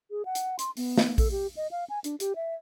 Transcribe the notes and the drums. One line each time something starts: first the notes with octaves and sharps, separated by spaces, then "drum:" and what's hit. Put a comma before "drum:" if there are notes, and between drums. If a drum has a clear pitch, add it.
G#4
F#5
drum: hi-hat
C6, drum: hi-hat
B3, drum: open hi-hat
drum: snare
A4, drum: kick A#1, open hi-hat
G4
D#5
F5
G#5
D4, drum: hi-hat
G4, drum: hi-hat
E5